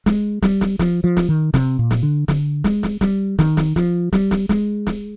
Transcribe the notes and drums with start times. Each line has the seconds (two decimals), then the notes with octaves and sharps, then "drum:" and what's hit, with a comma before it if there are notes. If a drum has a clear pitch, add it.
0.06 G#3, drum: snare
0.42 G3, drum: snare
0.61 drum: snare
0.79 F3, drum: snare
1.04 F3
1.17 drum: snare
1.29 D#3
1.54 C3, drum: snare
1.79 A#2
1.91 drum: snare
2.03 D3
2.28 D3, drum: snare
2.64 G#3, drum: snare
2.83 drum: snare
3.01 G3, drum: snare
3.39 D#3, drum: snare
3.57 drum: snare
3.76 F3, drum: snare
4.13 G3, drum: snare
4.31 drum: snare
4.49 G#3, drum: snare
4.87 drum: snare